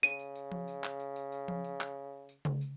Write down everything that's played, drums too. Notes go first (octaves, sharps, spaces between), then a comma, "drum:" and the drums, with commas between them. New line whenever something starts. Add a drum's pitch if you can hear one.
C#3 D#7, drum: tambourine
drum: tambourine
drum: tambourine
drum: tom F3
drum: tambourine
drum: clap
drum: tambourine
drum: tambourine
drum: tambourine
drum: tom F3
drum: tambourine
drum: clap
drum: tambourine
drum: tom C#3
drum: tambourine